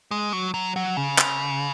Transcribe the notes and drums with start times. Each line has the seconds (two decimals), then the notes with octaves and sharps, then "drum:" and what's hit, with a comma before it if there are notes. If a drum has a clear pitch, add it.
0.11 G#3
0.33 F#3
0.54 F#3
0.76 F#3
0.97 C#3
1.18 drum: clap